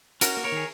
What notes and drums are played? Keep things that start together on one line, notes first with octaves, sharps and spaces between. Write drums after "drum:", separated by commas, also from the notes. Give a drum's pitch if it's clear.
C#4 F#4 A#4, drum: hi-hat
A#3
A#4 C#5
D#3 G#4